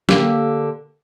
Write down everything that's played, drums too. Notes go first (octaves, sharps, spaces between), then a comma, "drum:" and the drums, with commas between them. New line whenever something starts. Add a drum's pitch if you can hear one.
D3 A#3 G4, drum: snare